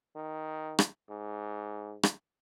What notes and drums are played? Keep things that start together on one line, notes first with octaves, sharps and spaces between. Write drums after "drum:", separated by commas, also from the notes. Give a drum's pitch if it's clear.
D#3
drum: rim click
G#2
drum: rim click